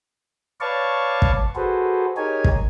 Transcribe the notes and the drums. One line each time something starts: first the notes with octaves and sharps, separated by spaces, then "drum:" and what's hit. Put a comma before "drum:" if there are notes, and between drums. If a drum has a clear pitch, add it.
B4 C#5 D5 F5 A5 C#6
drum: kick
F#4 G#4 A4 B4 C5
D#4 G4 G#4 A#4 C#5 G#5
drum: kick